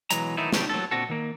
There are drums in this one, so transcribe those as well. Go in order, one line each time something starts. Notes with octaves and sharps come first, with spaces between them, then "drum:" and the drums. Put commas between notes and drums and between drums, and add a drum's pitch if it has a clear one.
B1 E3 F#3 G#3 A#5, drum: hi-hat
D#3 E3 F#3 A3 D#4 E4
C#3 F#3 G3 D4 G4, drum: snare
F#3 A4
A#2 D3 C4 F#4 A4
D#3 A#3